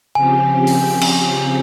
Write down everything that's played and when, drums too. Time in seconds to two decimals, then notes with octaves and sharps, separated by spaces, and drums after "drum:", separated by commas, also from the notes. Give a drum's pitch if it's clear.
0.15 C#3 F3 C4 G4 G#5
0.67 drum: open hi-hat
1.01 drum: cymbal